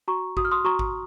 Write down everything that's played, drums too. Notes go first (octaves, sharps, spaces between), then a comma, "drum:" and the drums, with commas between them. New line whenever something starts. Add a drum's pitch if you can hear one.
F#4 A#5 C#6
F#4 D#6, drum: kick G#1
F6
C6 D#6
F#4 A#5 C#6
drum: kick G#1